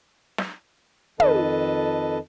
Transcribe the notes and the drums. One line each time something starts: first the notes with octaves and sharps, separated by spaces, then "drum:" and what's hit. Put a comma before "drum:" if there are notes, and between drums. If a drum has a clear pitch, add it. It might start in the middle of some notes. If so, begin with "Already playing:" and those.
drum: snare
F2 D#3 A4 B4 D#5 A5, drum: tom